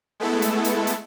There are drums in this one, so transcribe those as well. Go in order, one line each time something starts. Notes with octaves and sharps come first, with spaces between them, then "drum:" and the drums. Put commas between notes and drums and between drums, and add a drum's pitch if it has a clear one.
G#3 A3 B3 E4 A4
drum: hi-hat
drum: hi-hat
drum: hi-hat